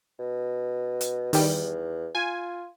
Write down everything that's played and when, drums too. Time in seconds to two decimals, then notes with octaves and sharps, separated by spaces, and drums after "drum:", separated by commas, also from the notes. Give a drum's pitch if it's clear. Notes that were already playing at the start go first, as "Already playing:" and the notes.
0.19 B2
1.01 drum: hi-hat
1.33 E2 D#3 G3, drum: open hi-hat
2.15 F4 G#5